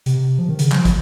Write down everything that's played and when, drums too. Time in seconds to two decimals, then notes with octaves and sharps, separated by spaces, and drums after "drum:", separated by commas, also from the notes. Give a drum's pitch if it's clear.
0.06 C3, drum: hi-hat
0.39 F3
0.49 D#3
0.59 C#3, drum: hi-hat
0.72 F#3, drum: clap
0.76 F3
0.85 drum: kick, hi-hat